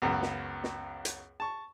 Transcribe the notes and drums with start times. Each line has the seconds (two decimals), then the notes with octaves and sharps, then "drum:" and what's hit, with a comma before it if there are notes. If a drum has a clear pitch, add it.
0.02 C#2 F#2 C#3 B3
0.22 drum: snare
0.64 drum: snare
1.05 drum: hi-hat
1.40 A5 C#6